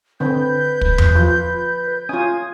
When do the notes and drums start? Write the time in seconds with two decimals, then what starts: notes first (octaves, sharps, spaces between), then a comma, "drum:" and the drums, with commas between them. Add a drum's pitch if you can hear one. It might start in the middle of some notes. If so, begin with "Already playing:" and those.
0.20 D3 C4 B4 G6
0.81 drum: kick
0.98 drum: tom E2
1.15 F3 F4
2.09 C#4 F4 G#5 D#6